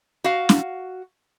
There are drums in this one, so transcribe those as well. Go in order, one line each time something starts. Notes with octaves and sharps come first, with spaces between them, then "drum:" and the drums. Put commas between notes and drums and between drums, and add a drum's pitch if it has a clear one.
F#4 F5
drum: snare